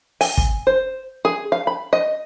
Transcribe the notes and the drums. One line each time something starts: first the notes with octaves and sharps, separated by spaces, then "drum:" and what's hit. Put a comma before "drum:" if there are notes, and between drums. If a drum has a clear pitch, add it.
G#5, drum: open hi-hat
drum: kick
C5
G#4
F5
B5
D#5